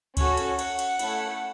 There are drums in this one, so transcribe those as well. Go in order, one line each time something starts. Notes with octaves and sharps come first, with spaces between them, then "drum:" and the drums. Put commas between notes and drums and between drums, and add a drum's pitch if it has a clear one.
C#4 F#4 A4, drum: kick D2, cymbal
drum: cymbal
F#5, drum: cymbal
drum: cymbal
A3 C#4 E4 A4, drum: cymbal